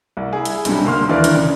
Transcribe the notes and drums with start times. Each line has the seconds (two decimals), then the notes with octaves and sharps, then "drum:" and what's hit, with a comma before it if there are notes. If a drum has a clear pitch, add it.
0.17 C2
0.33 E4 G#4
0.45 drum: hi-hat
0.65 B1 G2 C3 G3, drum: hi-hat
0.85 D2 A#3 F5 C6 F6
1.09 D#2 D3 E3 A#4 B4 D5
1.24 drum: hi-hat
1.35 C#3